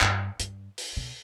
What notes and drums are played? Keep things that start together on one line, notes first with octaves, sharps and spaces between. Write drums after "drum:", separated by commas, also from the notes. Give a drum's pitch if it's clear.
G2, drum: clap
G2, drum: hi-hat
drum: open hi-hat
B2